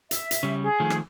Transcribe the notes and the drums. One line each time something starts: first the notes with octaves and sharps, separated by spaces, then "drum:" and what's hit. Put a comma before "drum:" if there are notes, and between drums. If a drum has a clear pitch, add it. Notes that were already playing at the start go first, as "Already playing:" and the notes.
E5, drum: hi-hat
drum: hi-hat
C#3 G3
G#4
D#3 F3 A3
drum: rim click